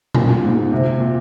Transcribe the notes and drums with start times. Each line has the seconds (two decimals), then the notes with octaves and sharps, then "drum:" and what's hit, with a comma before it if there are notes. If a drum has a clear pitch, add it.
0.14 A#2, drum: tom A#2
0.28 A#2
0.43 G#2
0.57 A#2
0.72 C3
1.00 A#2